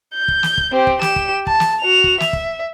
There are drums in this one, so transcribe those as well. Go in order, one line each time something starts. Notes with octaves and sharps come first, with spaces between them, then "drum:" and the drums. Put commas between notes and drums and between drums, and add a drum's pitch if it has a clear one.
G6
drum: kick
drum: snare
drum: kick
C4 G4
drum: kick
G4 E7, drum: snare
drum: kick
A5, drum: kick
drum: snare
F#4 F7
drum: kick
E5, drum: snare
drum: kick